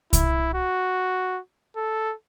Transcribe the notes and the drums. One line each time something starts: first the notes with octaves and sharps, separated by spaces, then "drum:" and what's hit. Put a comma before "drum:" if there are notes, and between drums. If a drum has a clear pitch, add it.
E4, drum: kick C2, hi-hat
F#4
A4